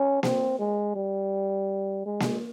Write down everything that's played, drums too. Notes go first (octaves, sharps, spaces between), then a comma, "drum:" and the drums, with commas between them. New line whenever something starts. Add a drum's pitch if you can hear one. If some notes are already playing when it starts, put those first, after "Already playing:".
Already playing: C#4
C4, drum: snare A#3
G#3
G3
G#3
drum: snare A#3